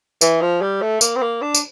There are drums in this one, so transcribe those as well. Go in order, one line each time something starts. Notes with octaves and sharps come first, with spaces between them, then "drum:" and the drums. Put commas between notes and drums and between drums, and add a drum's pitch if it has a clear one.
E3, drum: tambourine
F3
G3
A3
A#3, drum: tambourine
C4
A#3
D4
drum: tambourine